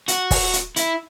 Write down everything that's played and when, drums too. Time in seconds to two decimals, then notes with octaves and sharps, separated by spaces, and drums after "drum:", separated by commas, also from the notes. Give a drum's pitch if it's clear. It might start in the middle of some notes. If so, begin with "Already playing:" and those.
0.08 F#4, drum: hi-hat
0.31 drum: kick, open hi-hat
0.53 drum: hi-hat
0.76 E4, drum: hi-hat